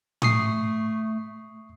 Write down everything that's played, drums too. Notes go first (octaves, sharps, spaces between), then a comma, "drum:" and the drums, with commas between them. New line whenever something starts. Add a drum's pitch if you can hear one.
A3 C#6 D#6 C7, drum: tom A2